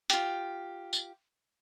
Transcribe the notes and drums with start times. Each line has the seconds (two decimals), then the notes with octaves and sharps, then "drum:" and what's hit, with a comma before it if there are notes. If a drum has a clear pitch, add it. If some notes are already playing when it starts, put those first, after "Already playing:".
0.10 F4 G4, drum: hi-hat
0.93 drum: tambourine